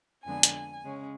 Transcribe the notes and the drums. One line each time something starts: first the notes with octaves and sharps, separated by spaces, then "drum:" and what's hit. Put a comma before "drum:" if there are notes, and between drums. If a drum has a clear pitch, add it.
F2 D3 G#3 B3 D4 G#5
drum: hi-hat
C#3 G#3 C#4